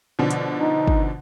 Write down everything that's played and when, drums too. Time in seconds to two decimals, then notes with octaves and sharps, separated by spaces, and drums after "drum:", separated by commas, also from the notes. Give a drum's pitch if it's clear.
0.19 B2 D3 F3
0.30 drum: hi-hat
0.59 D#4
0.87 drum: kick